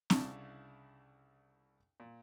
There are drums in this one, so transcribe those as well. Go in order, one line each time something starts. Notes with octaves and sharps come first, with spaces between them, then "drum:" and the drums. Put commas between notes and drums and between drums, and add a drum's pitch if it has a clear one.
C2 C#3 D4 E4 A5 C#6, drum: snare C4
A#2